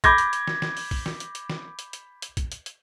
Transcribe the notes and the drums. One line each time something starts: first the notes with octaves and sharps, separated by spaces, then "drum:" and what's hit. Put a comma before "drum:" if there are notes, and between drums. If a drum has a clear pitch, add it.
B5 D6 G6 G#6 A#6, drum: kick, hi-hat
drum: hi-hat
drum: hi-hat
drum: snare
drum: snare
drum: open hi-hat
drum: kick, open hi-hat
drum: snare
drum: hi-hat
drum: hi-hat
drum: snare
drum: hi-hat
drum: hi-hat
drum: hi-hat
drum: kick, hi-hat
drum: hi-hat
drum: hi-hat